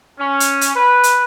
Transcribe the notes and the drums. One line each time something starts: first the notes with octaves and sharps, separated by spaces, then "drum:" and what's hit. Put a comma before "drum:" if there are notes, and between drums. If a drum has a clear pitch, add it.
C#4
drum: hi-hat
drum: hi-hat
B4
drum: hi-hat